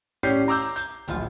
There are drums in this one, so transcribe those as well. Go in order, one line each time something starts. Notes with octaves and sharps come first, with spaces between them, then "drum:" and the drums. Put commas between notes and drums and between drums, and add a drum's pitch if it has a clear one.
A2 C#4 G4 D5 G6 C7
A#5 D6 E6 G6, drum: open hi-hat
G6, drum: hi-hat
D1 A#1 F4, drum: hi-hat